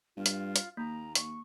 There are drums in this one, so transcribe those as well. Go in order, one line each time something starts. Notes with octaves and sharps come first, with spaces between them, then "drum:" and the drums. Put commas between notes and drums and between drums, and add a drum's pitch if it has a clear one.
G2 F4
drum: hi-hat
drum: hi-hat
D#2 A#3 A#5
C#6, drum: hi-hat